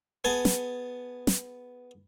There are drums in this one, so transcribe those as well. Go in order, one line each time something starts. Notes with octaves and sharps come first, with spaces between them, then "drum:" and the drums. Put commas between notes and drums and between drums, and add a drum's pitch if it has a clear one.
B3 G#4 G#5 A5
drum: snare
drum: snare